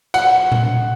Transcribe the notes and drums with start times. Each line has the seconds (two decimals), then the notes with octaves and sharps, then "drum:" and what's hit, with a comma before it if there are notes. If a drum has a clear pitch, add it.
0.14 F#5, drum: cymbal
0.52 drum: tom A#2